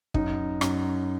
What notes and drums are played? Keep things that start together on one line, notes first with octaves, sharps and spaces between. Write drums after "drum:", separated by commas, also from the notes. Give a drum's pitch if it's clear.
F#2 D#4, drum: kick
F#2, drum: rim click